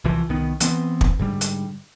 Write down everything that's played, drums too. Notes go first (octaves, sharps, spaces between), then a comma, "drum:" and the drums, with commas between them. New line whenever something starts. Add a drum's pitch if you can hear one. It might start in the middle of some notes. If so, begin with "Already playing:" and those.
C2 E3 F3
C2 D#3 B3
E3 B3 C4, drum: hi-hat
drum: kick
G#2 D3 G3
drum: hi-hat